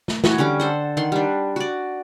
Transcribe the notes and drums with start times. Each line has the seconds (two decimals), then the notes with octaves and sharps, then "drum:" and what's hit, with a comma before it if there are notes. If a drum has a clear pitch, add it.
0.08 drum: snare
0.24 E3 F#4 C#5, drum: snare
0.38 D3 G3 C#4 D6
0.60 A4 C5 F#5
0.97 D#3 F#5 C6
1.12 G3 D4
1.56 F#4 D5